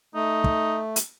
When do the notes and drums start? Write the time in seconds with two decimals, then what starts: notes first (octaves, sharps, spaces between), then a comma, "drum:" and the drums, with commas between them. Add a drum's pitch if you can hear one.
0.15 A3 D#4
0.44 drum: kick
0.96 drum: hi-hat